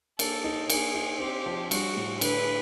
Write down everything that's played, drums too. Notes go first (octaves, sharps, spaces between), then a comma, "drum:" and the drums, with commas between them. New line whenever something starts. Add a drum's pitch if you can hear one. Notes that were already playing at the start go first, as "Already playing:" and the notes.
A#3 A4, drum: cymbal
D#4
A#3 G#4, drum: cymbal
D#4
C4 G4
F3
G3 F#4, drum: cymbal
A2
D3 B4, drum: cymbal